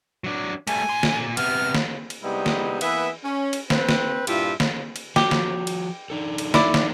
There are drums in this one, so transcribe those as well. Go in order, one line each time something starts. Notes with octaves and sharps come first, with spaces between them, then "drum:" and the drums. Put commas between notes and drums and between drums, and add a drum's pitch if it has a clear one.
F#3 D4
G3 A3 G#5, drum: cymbal
A#2 C6
drum: snare
C3 B3 F6, drum: cymbal
drum: snare
drum: cymbal
C3 G3 G#3 B3 D#4 E4
drum: snare
E3 A#3 B3 E5, drum: cymbal
C#4
drum: cymbal
C4 B4, drum: snare
drum: snare
G2 A#2 E4 F4 G4 E5, drum: cymbal
drum: snare
drum: cymbal
F3 F#4 G4, drum: snare
drum: snare
drum: cymbal
D4 D#4 A4
drum: cymbal
E4 D5, drum: snare
drum: snare